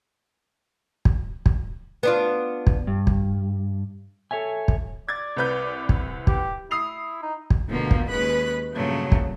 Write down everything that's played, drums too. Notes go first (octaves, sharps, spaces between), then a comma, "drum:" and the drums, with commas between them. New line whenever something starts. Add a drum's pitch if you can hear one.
drum: kick
drum: kick
B3 D4 F4
drum: kick
G2
drum: kick
A4 C#5 E5 G#5
drum: kick
D5 G#6 A6
C2 B4 G6
drum: kick
G4, drum: kick
E4 D#6 C7 F7
D#4
drum: kick
D2 B2 D3 F3 A#3
drum: kick
D#2 G#3 C#4 B4 B5 F#6
G2 A#2 C#3 F3 F#3 A3
drum: kick